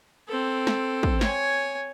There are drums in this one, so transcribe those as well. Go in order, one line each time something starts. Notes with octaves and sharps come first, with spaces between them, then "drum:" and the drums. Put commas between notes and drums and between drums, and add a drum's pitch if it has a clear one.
C4 A4
drum: snare
drum: kick
C#5 G#5, drum: snare